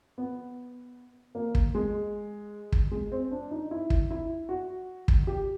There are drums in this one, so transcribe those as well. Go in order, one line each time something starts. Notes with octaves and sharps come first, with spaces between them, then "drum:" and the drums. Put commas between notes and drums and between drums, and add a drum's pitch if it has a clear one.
B3
A#3
drum: kick
G#3
drum: kick
G#3
C4
D4
D#4
E4
drum: kick
E4
F#4
drum: kick
G4